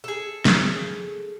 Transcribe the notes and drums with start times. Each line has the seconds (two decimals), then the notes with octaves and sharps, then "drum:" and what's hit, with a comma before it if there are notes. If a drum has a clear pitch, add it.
0.04 G#4 A4
0.45 drum: snare